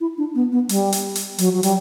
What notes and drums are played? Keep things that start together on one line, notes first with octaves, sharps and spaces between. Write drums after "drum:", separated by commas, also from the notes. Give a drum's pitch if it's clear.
E4
D4
B3
B3
G3, drum: hi-hat
drum: hi-hat
drum: hi-hat
F#3, drum: hi-hat
F#3
G3, drum: hi-hat